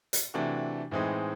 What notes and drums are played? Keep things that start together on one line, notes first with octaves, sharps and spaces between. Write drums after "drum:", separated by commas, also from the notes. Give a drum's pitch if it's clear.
drum: hi-hat
C3 E3 A3 D4 F#4
A2 E3 G#3 C4 D#4